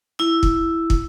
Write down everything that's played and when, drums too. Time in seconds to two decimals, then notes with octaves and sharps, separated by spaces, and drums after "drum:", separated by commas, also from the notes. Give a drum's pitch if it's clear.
0.19 E4 E6
0.43 drum: kick
0.90 drum: kick